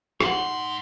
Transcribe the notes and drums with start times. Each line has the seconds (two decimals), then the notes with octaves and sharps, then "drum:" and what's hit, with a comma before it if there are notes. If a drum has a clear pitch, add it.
0.21 G#2 D#4 F#5 C6, drum: rim click